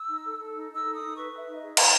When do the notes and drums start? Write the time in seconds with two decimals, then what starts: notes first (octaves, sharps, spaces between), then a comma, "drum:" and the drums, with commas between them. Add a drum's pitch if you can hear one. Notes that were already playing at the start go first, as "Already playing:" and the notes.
Already playing: E6
0.09 D#4
0.24 A4
0.39 A4
0.55 D#4
0.70 D#4 E6
0.85 A4
0.95 D#6
1.00 D#4
1.16 B4 C#6
1.31 B4
1.37 E5
1.46 D#4
1.56 D#5
1.62 G#4
1.77 D#4 B5, drum: cymbal